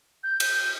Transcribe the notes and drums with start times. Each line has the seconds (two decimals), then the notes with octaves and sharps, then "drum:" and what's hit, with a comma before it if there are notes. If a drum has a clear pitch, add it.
0.23 G6
0.40 drum: cymbal